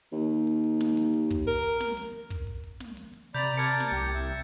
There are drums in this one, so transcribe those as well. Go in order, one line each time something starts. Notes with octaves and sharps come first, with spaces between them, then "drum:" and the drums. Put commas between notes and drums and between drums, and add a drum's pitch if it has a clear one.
D#2
drum: hi-hat
drum: hi-hat
drum: snare
drum: open hi-hat
drum: hi-hat
drum: kick, hi-hat
A#4, drum: hi-hat
drum: hi-hat
drum: snare
drum: open hi-hat
drum: kick, hi-hat
drum: hi-hat
drum: hi-hat
drum: snare
drum: open hi-hat
drum: hi-hat
C3 D5 A#5 B5 G6 A6
A#4 A5 D6 G#6 A6 C#7
drum: snare
C2 G4
E5, drum: hi-hat